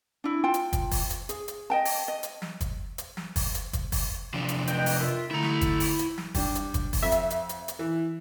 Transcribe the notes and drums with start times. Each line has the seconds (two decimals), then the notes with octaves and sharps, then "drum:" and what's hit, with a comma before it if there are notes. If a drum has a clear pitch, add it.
0.24 D4 E4
0.44 F4 G5 A5
0.54 drum: hi-hat
0.73 drum: kick, hi-hat
0.91 drum: kick, open hi-hat
1.10 drum: hi-hat
1.29 G#4, drum: hi-hat
1.48 drum: hi-hat
1.70 D#5 G5 A5
1.85 drum: open hi-hat
2.08 D#5
2.23 drum: hi-hat
2.42 drum: snare
2.61 drum: kick, hi-hat
2.98 drum: hi-hat
3.17 drum: snare
3.36 drum: kick, open hi-hat
3.55 drum: hi-hat
3.73 drum: kick, hi-hat
3.92 drum: kick, open hi-hat
4.34 C3 F3 D4
4.48 drum: hi-hat
4.67 B4 D#5 G5, drum: hi-hat
4.86 drum: open hi-hat
4.99 F4 A#4 E5
5.31 D3 A3 E4 A#5
5.42 drum: snare
5.61 drum: kick, hi-hat
5.80 drum: open hi-hat
5.99 drum: hi-hat
6.18 drum: snare
6.34 G3 D4, drum: kick, open hi-hat
6.55 drum: hi-hat
6.74 drum: kick, hi-hat
6.93 drum: kick, open hi-hat
7.02 F2 E5
7.12 drum: hi-hat
7.30 drum: hi-hat
7.49 drum: hi-hat
7.68 drum: hi-hat
7.79 E3